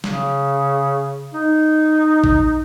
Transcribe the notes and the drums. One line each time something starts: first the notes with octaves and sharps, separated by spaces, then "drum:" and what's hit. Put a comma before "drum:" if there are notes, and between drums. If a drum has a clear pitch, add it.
C#3, drum: snare
D#4
drum: kick A#1